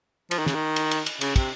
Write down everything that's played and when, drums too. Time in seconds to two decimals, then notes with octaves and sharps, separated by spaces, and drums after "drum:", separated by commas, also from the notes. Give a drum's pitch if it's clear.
0.31 F3, drum: cymbal
0.39 D#3
0.46 C#3, drum: snare
0.54 D#3
0.76 drum: cymbal
0.91 drum: cymbal
1.06 drum: cymbal
1.21 C#3, drum: cymbal
1.36 C3, drum: kick, cymbal